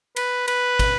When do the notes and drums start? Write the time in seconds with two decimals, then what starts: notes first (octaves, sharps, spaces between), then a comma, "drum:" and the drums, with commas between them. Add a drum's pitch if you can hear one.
0.17 B4, drum: cymbal
0.48 B4, drum: cymbal
0.79 drum: kick, cymbal